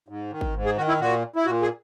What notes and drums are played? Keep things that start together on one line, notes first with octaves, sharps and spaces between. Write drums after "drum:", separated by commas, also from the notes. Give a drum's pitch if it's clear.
G#2
D#3
drum: kick G#1
G#2
G#4
D#3 F#4
E4
A#2 F#4
E4
A#2 F#4
G#4